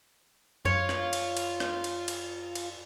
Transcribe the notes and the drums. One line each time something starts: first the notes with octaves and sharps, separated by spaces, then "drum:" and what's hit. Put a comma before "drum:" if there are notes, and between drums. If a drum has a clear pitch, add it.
F#2 F4 C#5
drum: rim click
drum: cymbal
drum: cymbal
drum: rim click
drum: cymbal
drum: cymbal
drum: cymbal